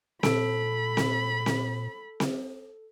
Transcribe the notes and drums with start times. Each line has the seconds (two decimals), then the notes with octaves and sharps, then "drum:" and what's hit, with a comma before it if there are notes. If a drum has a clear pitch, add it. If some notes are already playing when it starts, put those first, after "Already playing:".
0.23 A#2 A4 B5, drum: snare C4
0.97 drum: snare C4
1.46 drum: snare C4
2.20 drum: snare C4